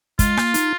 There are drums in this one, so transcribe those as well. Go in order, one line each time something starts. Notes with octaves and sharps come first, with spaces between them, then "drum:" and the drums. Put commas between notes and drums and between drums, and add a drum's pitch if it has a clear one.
G#3 F4, drum: kick, hi-hat
A#3, drum: rim click
D#4, drum: hi-hat